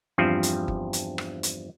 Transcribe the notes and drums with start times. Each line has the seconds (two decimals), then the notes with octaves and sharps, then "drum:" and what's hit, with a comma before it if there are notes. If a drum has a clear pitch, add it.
0.18 E2 G2 F3 C4
0.43 drum: hi-hat
0.68 drum: kick G1
0.93 drum: hi-hat
1.18 drum: rim click
1.43 drum: hi-hat